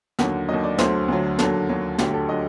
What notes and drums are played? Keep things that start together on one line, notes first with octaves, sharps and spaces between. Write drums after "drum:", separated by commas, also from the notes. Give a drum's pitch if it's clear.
D#2 D3 F#3 F#5, drum: snare
D#2 D3 F#3 D#5
D5
D2 D3 F#3 C5, drum: snare
D2 D3 F#3
D#2 D3 F#3 A4, drum: snare
D#2 D3 F#3
D2 D3 F#3 G4, drum: snare
A4
D3 F#3 D#5